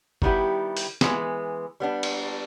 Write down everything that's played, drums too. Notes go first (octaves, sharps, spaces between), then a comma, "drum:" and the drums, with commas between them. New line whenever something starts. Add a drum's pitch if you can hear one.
D#3 G3 B3 E4 G4, drum: kick G1
drum: open hi-hat
E3 G#3 B3, drum: snare
G3 B3 D4
drum: cymbal